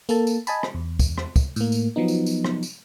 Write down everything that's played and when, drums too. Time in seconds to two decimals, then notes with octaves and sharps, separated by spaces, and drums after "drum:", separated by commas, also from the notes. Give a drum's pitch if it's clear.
0.09 A#3 A4 A5, drum: tambourine
0.27 drum: tambourine
0.47 D#5 G#5 A5 B5, drum: tambourine
0.63 drum: rim click
0.74 E2
0.99 drum: kick, tambourine
1.18 drum: rim click
1.36 drum: kick, tambourine
1.56 A2 A#3, drum: tambourine
1.72 drum: tambourine
1.96 F3 F#3 B3 D#4
2.08 drum: tambourine
2.26 drum: tambourine
2.45 drum: rim click
2.63 drum: tambourine